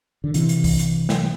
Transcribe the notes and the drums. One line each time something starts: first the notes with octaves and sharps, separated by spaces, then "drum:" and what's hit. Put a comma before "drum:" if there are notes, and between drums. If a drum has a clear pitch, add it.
D3
C3 E3, drum: hi-hat
drum: hi-hat
drum: kick C2, open hi-hat
drum: hi-hat
drum: snare